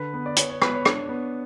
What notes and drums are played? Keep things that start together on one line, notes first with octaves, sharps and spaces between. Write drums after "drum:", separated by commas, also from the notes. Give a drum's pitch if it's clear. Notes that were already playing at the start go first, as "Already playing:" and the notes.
Already playing: D3 B4
B3
D5
B3 C#5, drum: hi-hat
C#5
B3 B4, drum: rim click
C#5
D4, drum: rim click
B3